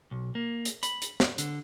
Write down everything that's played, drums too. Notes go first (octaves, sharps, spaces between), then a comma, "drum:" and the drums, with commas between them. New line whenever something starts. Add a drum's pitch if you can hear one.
B1
A#3
drum: hi-hat
B5, drum: hi-hat
drum: hi-hat
drum: snare
D3, drum: hi-hat